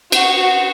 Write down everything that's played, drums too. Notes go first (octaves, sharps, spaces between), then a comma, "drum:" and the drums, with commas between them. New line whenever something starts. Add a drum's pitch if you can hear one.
F#4, drum: cymbal